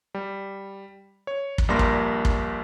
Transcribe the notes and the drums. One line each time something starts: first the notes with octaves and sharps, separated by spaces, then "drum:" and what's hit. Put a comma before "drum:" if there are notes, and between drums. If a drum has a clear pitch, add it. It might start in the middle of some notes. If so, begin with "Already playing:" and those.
G3
C#5
drum: kick
A#1 G2 G3 A#3 C6 A#6
drum: kick
drum: kick